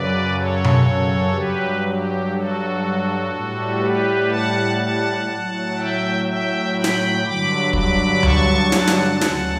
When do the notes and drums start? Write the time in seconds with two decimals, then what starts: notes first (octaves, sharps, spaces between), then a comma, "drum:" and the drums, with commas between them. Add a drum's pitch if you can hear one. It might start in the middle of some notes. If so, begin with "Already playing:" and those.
Already playing: F#2 C#3 F#3 B4 D5
0.34 A4 C#5
0.64 drum: tom B2
1.31 G2 F#3 G4 B4
1.82 G4
2.31 F#4 A4
3.30 A2 G3
3.78 G4 B4
4.28 F#5 A5
4.77 F#5 A5
5.27 A2 F#3
5.76 E5 G5
6.25 E5 G5
6.75 G5 B5
6.84 drum: snare
7.24 G2 D3 F#3 B5 D6
7.73 B5 D6, drum: kick
8.23 A5 C#6, drum: tom C#2
8.72 F#5 A5, drum: snare
8.87 drum: snare
9.21 D2 C#3 F#3, drum: snare